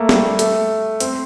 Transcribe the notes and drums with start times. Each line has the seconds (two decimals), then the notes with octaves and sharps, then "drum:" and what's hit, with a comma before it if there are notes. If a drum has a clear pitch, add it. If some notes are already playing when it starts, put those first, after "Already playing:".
Already playing: A3 A#3
0.09 G3, drum: snare
0.39 A3, drum: hi-hat
1.00 C4, drum: hi-hat